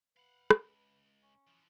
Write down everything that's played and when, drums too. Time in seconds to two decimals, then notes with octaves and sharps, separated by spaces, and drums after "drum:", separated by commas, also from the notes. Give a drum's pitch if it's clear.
0.17 B4 F5 F#5
0.50 C#2, drum: rim click
1.22 C#4
1.47 E3 F3